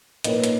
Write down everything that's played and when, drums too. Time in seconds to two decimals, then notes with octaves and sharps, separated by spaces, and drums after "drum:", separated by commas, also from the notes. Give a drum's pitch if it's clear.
0.24 A#2 A#3 D#4 A#4 B4 C#5 D#5, drum: hi-hat
0.44 drum: hi-hat